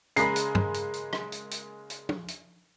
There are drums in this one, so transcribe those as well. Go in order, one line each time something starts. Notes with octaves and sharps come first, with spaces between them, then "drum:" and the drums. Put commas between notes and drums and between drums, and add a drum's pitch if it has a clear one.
C#3 G#3 A#3 G#4 A#5 B5 C7, drum: hi-hat
drum: hi-hat
drum: tom G2
drum: hi-hat
drum: hi-hat
drum: rim click
drum: hi-hat
drum: hi-hat
drum: hi-hat
drum: tom
drum: hi-hat